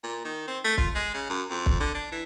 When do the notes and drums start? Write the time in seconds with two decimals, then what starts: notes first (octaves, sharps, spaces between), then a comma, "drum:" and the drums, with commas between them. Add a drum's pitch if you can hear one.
0.03 A#2
0.25 D#3
0.47 C4
0.65 A3
0.78 F4, drum: kick
0.95 G#3
1.14 C#3
1.29 F#2
1.50 F2
1.66 drum: kick
1.80 D3
1.95 D4
2.12 E3